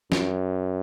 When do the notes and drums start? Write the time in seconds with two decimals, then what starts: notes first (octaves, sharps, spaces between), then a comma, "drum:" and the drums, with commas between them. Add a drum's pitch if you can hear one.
0.12 F#2, drum: snare